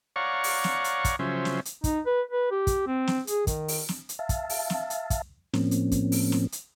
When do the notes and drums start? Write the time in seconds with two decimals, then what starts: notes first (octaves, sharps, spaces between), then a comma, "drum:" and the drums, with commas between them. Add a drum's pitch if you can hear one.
0.16 C#5 D5 F5 F#5 A#5 C#6
0.44 drum: open hi-hat
0.64 drum: snare
0.84 drum: hi-hat
1.05 drum: kick, hi-hat
1.19 C#3 F3 F#3 C#4 C5 E5
1.45 drum: snare
1.65 drum: hi-hat
1.84 D#4, drum: kick, hi-hat
2.06 B4
2.31 B4
2.51 G4
2.67 drum: kick, hi-hat
2.87 C4
3.07 drum: snare
3.27 G#4, drum: hi-hat
3.47 D#3, drum: kick, hi-hat
3.68 drum: open hi-hat
3.89 drum: snare
4.09 drum: hi-hat
4.19 E5 F5 A5
4.29 drum: kick, hi-hat
4.49 drum: open hi-hat
4.70 drum: snare
4.90 drum: hi-hat
5.10 drum: kick, hi-hat
5.54 A2 F3 A#3 C4 C#4, drum: snare
5.71 drum: hi-hat
5.91 drum: kick, hi-hat
6.12 drum: open hi-hat
6.32 drum: snare
6.52 drum: hi-hat